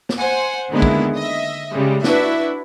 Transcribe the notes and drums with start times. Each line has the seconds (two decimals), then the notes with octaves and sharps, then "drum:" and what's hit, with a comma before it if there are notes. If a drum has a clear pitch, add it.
0.09 drum: snare
0.19 C5 F#5 G#5
0.71 D3 D#3 G#3 A#3 B3 E4
0.82 drum: kick
1.16 D#5 E5
1.72 C#3 G3 G#3
2.04 D4 E4 F#4 B4 E5, drum: snare